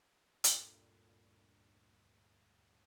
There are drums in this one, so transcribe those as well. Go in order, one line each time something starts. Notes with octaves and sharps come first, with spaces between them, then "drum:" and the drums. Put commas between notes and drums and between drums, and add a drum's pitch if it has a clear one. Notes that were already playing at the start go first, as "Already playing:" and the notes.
D2 G2 A#2 D3, drum: hi-hat